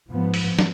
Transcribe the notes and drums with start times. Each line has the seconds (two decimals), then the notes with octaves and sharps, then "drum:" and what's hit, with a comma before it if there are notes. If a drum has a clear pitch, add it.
0.09 G#2 F3 B3
0.34 drum: open hi-hat
0.59 drum: snare